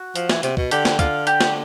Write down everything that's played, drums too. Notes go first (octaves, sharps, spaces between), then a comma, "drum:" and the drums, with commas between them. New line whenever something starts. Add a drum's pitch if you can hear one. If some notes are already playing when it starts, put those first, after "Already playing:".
Already playing: F#4
F3, drum: hi-hat
E3, drum: snare
C3, drum: hi-hat
B2, drum: kick
D3 G4, drum: hi-hat
drum: snare
D3 F4, drum: kick, hi-hat
G4, drum: hi-hat
drum: snare